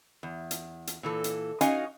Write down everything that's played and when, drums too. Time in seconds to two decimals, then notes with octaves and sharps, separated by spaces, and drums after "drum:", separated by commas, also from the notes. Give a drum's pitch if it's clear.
0.23 E2
0.51 drum: hi-hat
0.87 drum: hi-hat
1.03 A#2 E3 A4
1.24 drum: hi-hat
1.61 C#4 D#4 F#4 D#5 F5 G#5, drum: hi-hat